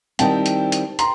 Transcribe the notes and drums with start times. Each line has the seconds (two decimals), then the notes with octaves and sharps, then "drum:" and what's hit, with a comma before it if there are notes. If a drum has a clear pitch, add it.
0.19 D#3 G3 C4 E4 G5 A5, drum: hi-hat
0.46 drum: hi-hat
0.72 drum: hi-hat
0.99 A#5 C6, drum: hi-hat